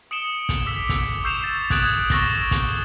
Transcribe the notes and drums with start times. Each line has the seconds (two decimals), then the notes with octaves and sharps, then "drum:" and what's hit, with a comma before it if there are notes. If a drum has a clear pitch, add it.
0.11 D#6 C#7 D7 E7 G7
0.49 drum: kick, hi-hat
0.66 D6 E6 B6
0.89 drum: kick, hi-hat
1.24 C#6 E6 G6 C7 E7 F7
1.44 A6
1.70 D#6 F#6 G#6 A6 D7 F#7, drum: kick, hi-hat
2.10 C#6 E6 A6 A#6 F#7 G7, drum: kick, hi-hat
2.51 drum: kick, hi-hat